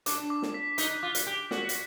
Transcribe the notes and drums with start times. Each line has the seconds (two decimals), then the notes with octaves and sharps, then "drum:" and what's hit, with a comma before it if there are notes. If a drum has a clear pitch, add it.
0.06 D4 D6, drum: hi-hat
0.30 D6
0.42 drum: snare
0.54 B6
0.78 D#4 F#6, drum: hi-hat
1.03 F4 D6
1.15 drum: hi-hat
1.27 G4 D6
1.51 F#4 B6, drum: snare
1.69 drum: hi-hat